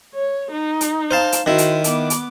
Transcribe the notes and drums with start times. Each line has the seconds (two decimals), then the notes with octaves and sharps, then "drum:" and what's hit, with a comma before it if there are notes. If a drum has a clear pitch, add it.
0.14 C#5
0.51 D#4
0.81 drum: hi-hat
1.11 C5 F5 A5
1.32 drum: hi-hat
1.46 D#3 E4 F#4 C5
1.58 drum: hi-hat
1.84 B3 D6, drum: hi-hat
2.10 drum: hi-hat